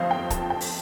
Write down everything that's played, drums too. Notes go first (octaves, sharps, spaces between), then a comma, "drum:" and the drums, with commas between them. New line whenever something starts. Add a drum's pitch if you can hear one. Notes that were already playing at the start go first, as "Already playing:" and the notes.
Already playing: G1 F2 F3 A3 C5 F5
G5
A5, drum: kick, hi-hat
G5
drum: open hi-hat